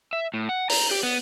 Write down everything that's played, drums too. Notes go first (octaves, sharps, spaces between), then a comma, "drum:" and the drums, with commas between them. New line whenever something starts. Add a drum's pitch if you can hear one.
E5
A2
F#5
A#5, drum: open hi-hat
G4
B3